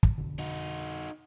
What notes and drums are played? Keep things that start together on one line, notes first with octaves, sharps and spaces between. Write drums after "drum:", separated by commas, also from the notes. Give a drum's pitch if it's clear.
drum: kick
F2 B2 D3
D#4 F#4